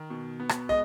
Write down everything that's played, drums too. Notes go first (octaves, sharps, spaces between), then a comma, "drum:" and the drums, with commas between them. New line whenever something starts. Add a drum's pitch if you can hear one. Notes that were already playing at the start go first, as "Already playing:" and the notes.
Already playing: D#3
B2
B3
drum: rim click
G#3 D#5